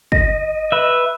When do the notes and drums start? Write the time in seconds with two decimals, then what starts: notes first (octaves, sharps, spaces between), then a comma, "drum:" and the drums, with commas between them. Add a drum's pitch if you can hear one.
0.12 D#5, drum: kick
0.72 B4 E5